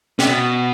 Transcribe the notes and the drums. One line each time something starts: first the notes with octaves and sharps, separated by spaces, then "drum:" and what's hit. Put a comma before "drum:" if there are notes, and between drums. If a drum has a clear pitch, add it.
C3, drum: snare
B2